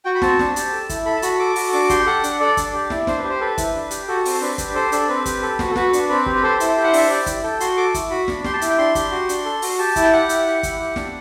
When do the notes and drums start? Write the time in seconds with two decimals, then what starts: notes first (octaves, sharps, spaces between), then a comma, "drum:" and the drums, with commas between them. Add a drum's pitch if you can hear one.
0.05 F#4 G5
0.15 B5
0.22 C4 A5, drum: snare
0.39 D4, drum: snare
0.56 G4, drum: hi-hat
0.72 A4
0.89 E4, drum: kick, hi-hat
1.06 A4 B5
1.17 A5
1.22 F#4 B5, drum: hi-hat
1.40 A4 D6
1.56 F#4, drum: open hi-hat
1.73 D4 D6
1.90 G4 C6, drum: kick, hi-hat
2.00 G5
2.06 A4 F#5
2.24 D4, drum: hi-hat
2.40 A4 D5
2.57 D4, drum: kick, hi-hat
2.74 G4
2.90 E4, drum: snare
3.07 D4 C5, drum: snare
3.18 B4
3.24 G4
3.30 C5
3.41 A4 B4
3.58 E4, drum: kick, hi-hat
3.75 D4
3.91 G4, drum: hi-hat
4.08 F#4 A4
4.25 C4 C5, drum: open hi-hat
4.41 D4 B4
4.58 G4, drum: kick, hi-hat
4.75 A4 C5
4.92 D4 A4, drum: hi-hat
5.09 C4 B4
5.26 G4, drum: kick, hi-hat
5.42 A4
5.59 F#4, drum: snare
5.71 A4
5.76 F#4 B4, drum: snare
5.93 D4, drum: hi-hat
6.09 C4 B4
6.26 G4, drum: kick
6.35 B4
6.43 A4 C5
6.60 E4, drum: hi-hat
6.69 G5
6.77 G4
6.83 F#5
6.93 D4 E5, drum: open hi-hat
7.10 G4 D5
7.26 E4, drum: kick, hi-hat
7.43 A4 G5
7.60 F#4 C6, drum: hi-hat
7.77 A4 D6
7.94 E4, drum: kick, hi-hat
8.10 F#4 B5
8.28 D4, drum: snare
8.44 G4 C6, drum: snare
8.53 A5
8.62 E4, drum: hi-hat
8.70 G5
8.78 D4 C6
8.95 G4, drum: kick, hi-hat
9.11 F#4
9.29 D4, drum: hi-hat
9.45 A4
9.62 F#4, drum: open hi-hat
9.79 G4 A5
9.96 E4, drum: kick, hi-hat
10.04 G5
10.13 G4 F#5
10.29 E4, drum: hi-hat
10.46 G4
10.63 E4, drum: kick, hi-hat
10.80 G4
10.96 D4, drum: snare